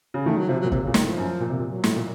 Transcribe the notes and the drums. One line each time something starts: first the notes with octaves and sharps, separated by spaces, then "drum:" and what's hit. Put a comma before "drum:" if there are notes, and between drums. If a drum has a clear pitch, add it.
C#3
D#3 A3
F#3
C3 F3
F#3
A#2
C3, drum: kick
C#3
A#2
D#3, drum: snare
A2
F3
F#2
A#2
C3
A#2 F#3
A2, drum: snare
A#2